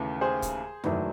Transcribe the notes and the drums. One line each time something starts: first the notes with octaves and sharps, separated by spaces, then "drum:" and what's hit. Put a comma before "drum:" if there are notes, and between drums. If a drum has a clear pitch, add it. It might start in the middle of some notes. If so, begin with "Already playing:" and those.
Already playing: D#2 C#3 E3 A3
G#4 C5
drum: kick, hi-hat
E1 E2 D#3 F#3 A3, drum: tom F#2